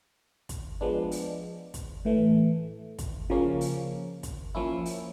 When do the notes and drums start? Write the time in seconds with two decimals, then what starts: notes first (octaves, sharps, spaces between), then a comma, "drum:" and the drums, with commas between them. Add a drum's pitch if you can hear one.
0.49 drum: kick, hi-hat
0.81 F3 G#3 B3 D4
1.11 drum: open hi-hat
1.74 drum: kick, hi-hat
2.05 A2 E3 A3
2.98 drum: kick, hi-hat
3.30 C#3 F3 A#3 C#4
3.61 drum: open hi-hat
4.23 drum: kick, hi-hat
4.55 F3 A#3 C#4 E4
4.86 drum: open hi-hat